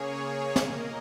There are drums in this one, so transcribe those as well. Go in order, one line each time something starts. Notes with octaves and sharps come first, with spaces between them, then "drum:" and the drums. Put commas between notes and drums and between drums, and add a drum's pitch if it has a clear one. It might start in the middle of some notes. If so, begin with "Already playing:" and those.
Already playing: C#3 A#3 G#4 C#5
A#2 A#3 A#4 D#5, drum: snare